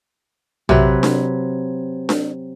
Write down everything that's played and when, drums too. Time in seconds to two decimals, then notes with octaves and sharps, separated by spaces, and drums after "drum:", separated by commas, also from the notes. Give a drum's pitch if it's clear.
0.69 C3 F#3 B4, drum: tom
1.03 drum: snare D4
2.09 drum: snare D4